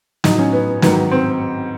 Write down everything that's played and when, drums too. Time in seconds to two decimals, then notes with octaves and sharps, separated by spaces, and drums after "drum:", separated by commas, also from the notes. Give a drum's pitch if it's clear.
0.24 A2 F#3 D#4, drum: snare
0.39 C#4
0.53 B3
0.82 G#2 D#3 F#3 B3, drum: snare
1.11 C4